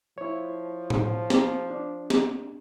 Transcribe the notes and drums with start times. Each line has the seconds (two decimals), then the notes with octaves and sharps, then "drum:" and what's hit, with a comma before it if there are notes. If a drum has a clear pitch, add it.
0.18 F3 E4 C#5
0.90 drum: tom A2
1.30 drum: snare
1.70 D4
2.10 drum: snare